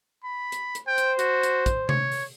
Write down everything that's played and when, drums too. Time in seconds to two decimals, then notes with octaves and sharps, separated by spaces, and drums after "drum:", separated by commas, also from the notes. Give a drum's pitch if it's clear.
0.24 B5
0.52 drum: hi-hat
0.75 drum: hi-hat
0.87 C5 G5
0.98 drum: hi-hat
1.19 F#4, drum: hi-hat
1.43 drum: hi-hat
1.66 drum: kick, hi-hat
1.89 C#5, drum: tom C3
2.12 drum: open hi-hat